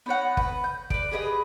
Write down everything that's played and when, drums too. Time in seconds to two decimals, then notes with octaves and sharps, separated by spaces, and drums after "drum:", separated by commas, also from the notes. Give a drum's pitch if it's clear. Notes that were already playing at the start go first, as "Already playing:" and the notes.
0.06 B3 D#4 C#5 F#5
0.37 B4, drum: kick
0.64 G6
0.90 B4 D5, drum: kick
1.11 G4 G#4 B4 D#5